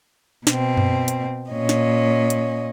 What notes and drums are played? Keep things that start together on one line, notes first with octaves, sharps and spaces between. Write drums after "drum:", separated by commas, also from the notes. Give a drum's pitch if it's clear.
B2 C4, drum: snare
drum: tom F#2
drum: hi-hat
A#2 C#4 D#5
drum: snare
drum: hi-hat